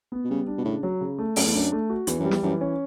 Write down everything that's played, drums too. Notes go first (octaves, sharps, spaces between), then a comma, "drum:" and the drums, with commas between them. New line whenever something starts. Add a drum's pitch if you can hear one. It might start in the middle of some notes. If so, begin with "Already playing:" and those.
B3
B2
C#3 G3
D4
B2
A2 C#3
F#3
C#3
A3
F#2 A3, drum: open hi-hat
E2
F#2 D4
A3
F#4
E2 E3, drum: hi-hat
F#2
G3
E2, drum: snare
F#2 E3
C#4